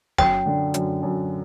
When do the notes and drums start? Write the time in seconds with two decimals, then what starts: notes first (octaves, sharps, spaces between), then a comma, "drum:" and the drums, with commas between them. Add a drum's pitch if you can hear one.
0.18 F#2 G5, drum: snare
0.46 D3
0.74 F#2, drum: hi-hat
1.03 F#2